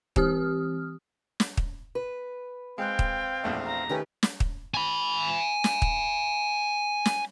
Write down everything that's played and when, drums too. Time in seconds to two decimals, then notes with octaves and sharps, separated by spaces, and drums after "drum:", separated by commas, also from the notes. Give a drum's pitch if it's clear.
0.16 E3 C4 G4 D#6 F6, drum: kick
1.40 drum: snare
1.57 drum: kick
1.95 B4
2.78 G#3 C4 F5 G5 F#6
2.99 drum: kick
3.44 A#1 E2 A3
3.66 A#5
3.89 D#3 A3 C#4 G4 B4
4.23 drum: snare
4.40 drum: kick
4.74 G#5 B5
5.64 drum: snare
5.82 drum: kick
7.06 drum: snare